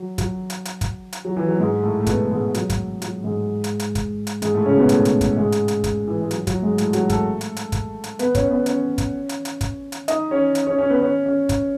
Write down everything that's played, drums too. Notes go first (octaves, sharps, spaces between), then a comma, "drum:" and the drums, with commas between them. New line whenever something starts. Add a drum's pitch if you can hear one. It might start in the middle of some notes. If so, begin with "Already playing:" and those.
Already playing: F#3
F#3, drum: kick, hi-hat
drum: hi-hat
drum: hi-hat
drum: kick, hi-hat
drum: hi-hat
F#3
E3
F#3
G#2 G#3
A2 A3
A3
B2 B3, drum: kick, hi-hat
G#2 G#3
F#3, drum: hi-hat
drum: kick, hi-hat
F#3, drum: hi-hat
G#2 G#3
drum: hi-hat
drum: hi-hat
drum: kick, hi-hat
drum: hi-hat
G#2 G#3, drum: hi-hat
A2 A3
C#3 C#4
B2 B3
A2 A3, drum: hi-hat
drum: hi-hat
drum: kick, hi-hat
G#2 G#3
drum: hi-hat
drum: hi-hat
drum: kick, hi-hat
E3
G#3
F#3, drum: hi-hat
F#3, drum: kick, hi-hat
G#2 G#3
A2 A3, drum: hi-hat
F#3 F#4, drum: hi-hat
A3 A4, drum: kick, hi-hat
drum: hi-hat
drum: hi-hat
drum: kick, hi-hat
drum: hi-hat
B3 B4, drum: hi-hat
C#4 C#5, drum: kick, hi-hat
B3 B4
C#4 C#5, drum: hi-hat
drum: kick, hi-hat
drum: hi-hat
drum: hi-hat
drum: kick, hi-hat
drum: hi-hat
D#4 D#5, drum: hi-hat
C#4 C#5
drum: hi-hat
C#4 C#5
C#4 C#5
B3 B4
C#4 C#5
C#4 C#5
drum: kick, hi-hat